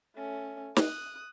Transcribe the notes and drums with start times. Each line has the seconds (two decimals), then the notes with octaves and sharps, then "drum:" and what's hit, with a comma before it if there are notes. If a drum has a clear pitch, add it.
0.16 A3 C#4
0.76 D#6 F#6, drum: snare